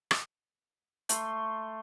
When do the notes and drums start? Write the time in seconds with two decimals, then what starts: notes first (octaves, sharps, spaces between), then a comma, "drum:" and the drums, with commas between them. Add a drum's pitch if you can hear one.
0.11 drum: rim click
1.09 A3 C6, drum: hi-hat